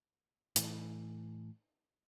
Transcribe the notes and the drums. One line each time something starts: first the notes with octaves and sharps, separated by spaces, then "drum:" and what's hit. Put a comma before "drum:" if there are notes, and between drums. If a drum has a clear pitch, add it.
A2 E3, drum: hi-hat